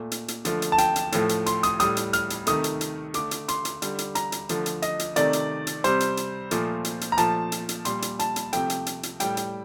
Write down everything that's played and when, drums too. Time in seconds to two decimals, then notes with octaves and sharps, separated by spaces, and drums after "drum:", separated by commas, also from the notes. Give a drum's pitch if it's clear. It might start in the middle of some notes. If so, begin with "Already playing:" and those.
Already playing: A#2 A3
0.12 drum: hi-hat
0.28 drum: hi-hat
0.45 D3 F3 A3, drum: hi-hat
0.62 drum: hi-hat
0.72 A5
0.78 G5, drum: hi-hat
0.96 drum: hi-hat
1.12 A2 F3 A3, drum: hi-hat
1.29 drum: hi-hat
1.46 C6, drum: hi-hat
1.63 D#6, drum: hi-hat
1.80 A2 G3 D#6, drum: hi-hat
1.97 drum: hi-hat
2.13 F6, drum: hi-hat
2.30 drum: hi-hat
2.47 C3 D#3 A3 D#6, drum: hi-hat
2.64 drum: hi-hat
2.81 drum: hi-hat
3.14 D3 A3 D6, drum: hi-hat
3.31 drum: hi-hat
3.48 C6, drum: hi-hat
3.65 drum: hi-hat
3.82 D3 G3, drum: hi-hat
3.99 drum: hi-hat
4.15 A#5, drum: hi-hat
4.32 drum: hi-hat
4.49 D3 F3 A3, drum: hi-hat
4.66 drum: hi-hat
4.82 D#5, drum: hi-hat
4.99 drum: hi-hat
5.16 C3 D#3 A3 D5, drum: hi-hat
5.33 drum: hi-hat
5.67 drum: hi-hat
5.84 C3 G3 C5, drum: hi-hat
6.00 drum: hi-hat
6.17 drum: hi-hat
6.51 A#2 F3 A3, drum: hi-hat
6.85 drum: hi-hat
7.01 drum: hi-hat
7.12 A#5
7.18 A#2 F3 A3 A5, drum: hi-hat
7.52 drum: hi-hat
7.69 drum: hi-hat
7.85 A#2 G3 C6, drum: hi-hat
8.02 drum: hi-hat
8.19 A5, drum: hi-hat
8.36 drum: hi-hat
8.53 C3 F3 A3 G5, drum: hi-hat
8.70 drum: hi-hat
8.86 drum: hi-hat
9.03 drum: hi-hat
9.20 A2 G3 G5, drum: hi-hat
9.37 drum: hi-hat